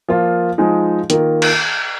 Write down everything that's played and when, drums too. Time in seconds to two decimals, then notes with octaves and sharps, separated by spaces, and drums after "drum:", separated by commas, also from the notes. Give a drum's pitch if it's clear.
0.08 F3 A#3 F4
0.58 F3 G#3 D#4
1.10 D#3 A#3 F4 A#4, drum: hi-hat
1.42 drum: cymbal